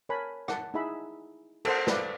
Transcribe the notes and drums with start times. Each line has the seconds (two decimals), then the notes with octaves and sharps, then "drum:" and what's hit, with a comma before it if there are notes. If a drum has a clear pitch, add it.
0.09 A#4 C#5 G#5 A5 B5
0.48 F#5 A5, drum: rim click
0.74 D#4 E4 G#4 E5 B5
1.65 A4 A#4 C5 F#5, drum: cymbal
1.87 B4 D5 F5, drum: snare